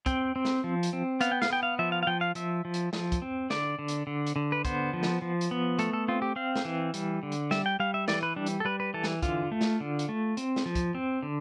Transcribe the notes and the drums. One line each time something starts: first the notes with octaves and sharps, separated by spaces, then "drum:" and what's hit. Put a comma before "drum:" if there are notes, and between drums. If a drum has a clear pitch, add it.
C4 G5, drum: kick, hi-hat
C4
drum: snare
F3
drum: hi-hat
C4
B3 F5, drum: hi-hat
G5
F5, drum: snare
B3 G5
F5
F3 E5
F5
F5
F3 G5
F5
F3 E5, drum: hi-hat
F3
drum: hi-hat
F3, drum: snare
drum: kick, hi-hat
C4
D3 D5, drum: snare
D3
drum: hi-hat
D3
drum: hi-hat
D3
B4
B3 C5, drum: kick, hi-hat
F3
drum: snare
F3
drum: hi-hat
B3
A3 A4, drum: hi-hat
A4
C4 F4
G4
C4 F5
drum: snare
E3
G3, drum: hi-hat
D3
drum: hi-hat
G3 E5, drum: snare
G5
G3 F5
E5
E3 D5, drum: snare
B4
G3 D4
drum: hi-hat
A4
G3 B4
B4
E3 A4
drum: snare
D3 F4, drum: kick, hi-hat
A3
drum: snare
D3
drum: hi-hat
A3
C4, drum: hi-hat
drum: snare
F3
drum: kick, hi-hat
C4
D3